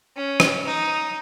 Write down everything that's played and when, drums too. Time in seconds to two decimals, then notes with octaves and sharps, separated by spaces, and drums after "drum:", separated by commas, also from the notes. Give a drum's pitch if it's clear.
0.17 C#4
0.40 drum: rim click
0.65 D#4